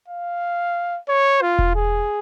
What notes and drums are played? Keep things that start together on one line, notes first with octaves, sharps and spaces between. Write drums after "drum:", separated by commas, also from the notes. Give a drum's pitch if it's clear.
F5
C#5
F4
drum: kick E1
G#4